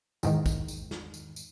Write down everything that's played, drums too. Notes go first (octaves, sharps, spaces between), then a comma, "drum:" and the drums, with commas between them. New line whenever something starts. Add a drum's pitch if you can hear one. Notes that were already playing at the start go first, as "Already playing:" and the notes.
E2 G#2 D#3, drum: tambourine
drum: kick, tambourine
drum: tambourine
drum: snare
drum: tambourine
drum: tambourine